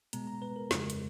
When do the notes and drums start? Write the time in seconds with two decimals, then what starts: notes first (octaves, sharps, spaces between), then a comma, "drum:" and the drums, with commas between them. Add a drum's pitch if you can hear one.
0.13 B2 G#3 B3 A#5, drum: hi-hat
0.27 A#5
0.42 B4
0.56 A#4
0.71 F2 C#3 G#3, drum: snare
0.90 drum: hi-hat